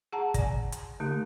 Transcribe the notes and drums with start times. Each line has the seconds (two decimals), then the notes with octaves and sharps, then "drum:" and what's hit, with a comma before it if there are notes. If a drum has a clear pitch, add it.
0.13 G#4 F#5 A5 A#5
0.34 D5 G#5, drum: kick, hi-hat
0.72 drum: hi-hat
1.00 D3 A3 D#4 G4